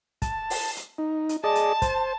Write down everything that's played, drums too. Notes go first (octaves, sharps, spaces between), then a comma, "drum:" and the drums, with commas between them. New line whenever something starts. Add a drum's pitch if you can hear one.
A5, drum: kick, hi-hat
drum: open hi-hat
drum: hi-hat
D#4
drum: hi-hat
G#4 D5 D#5 A5
drum: hi-hat
C5, drum: kick, hi-hat